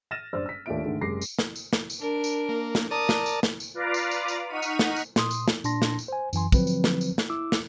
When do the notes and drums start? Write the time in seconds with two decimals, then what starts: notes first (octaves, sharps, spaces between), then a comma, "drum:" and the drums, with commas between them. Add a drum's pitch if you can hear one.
0.11 F6 A6 A#6 D#7 E7
0.33 F#1 G2 C5 D5 E6 F6
0.46 E6 B6
0.66 D#2 A3 D4 F4 E5 D7
0.84 G#2 D3 D#3 G#3 A3
1.01 F#1 C3 G#3 D6 A#6 C7
1.21 drum: tambourine
1.39 drum: snare
1.56 drum: tambourine
1.73 drum: snare
1.90 drum: tambourine
2.00 D4 A#4
2.24 drum: tambourine
2.49 A#3
2.75 drum: snare
2.91 A#4 D5 A5 D#6
3.09 drum: snare
3.26 drum: tambourine
3.43 drum: snare
3.60 drum: tambourine
3.74 F4 B4 D5 F5 A#5 D6
3.94 drum: tambourine
4.11 drum: tambourine
4.28 drum: tambourine
4.49 D#4 F#5 C#6 F6 B6 D#7
4.62 drum: tambourine
4.79 drum: snare
4.96 drum: tambourine
5.16 A#2 C6 D#6, drum: snare
5.31 drum: tambourine
5.48 drum: snare
5.64 A#2 D4 A5 C6 A#6, drum: tambourine
5.82 drum: snare
5.99 drum: tambourine
6.08 C5 G#5
6.33 F#2 E3 G#5 C6, drum: tambourine
6.52 D3 F3 F#3 C4 B4, drum: kick, tambourine
6.67 drum: tambourine
6.84 drum: snare
7.01 drum: tambourine
7.18 drum: snare
7.30 E4 D6 E6
7.52 drum: snare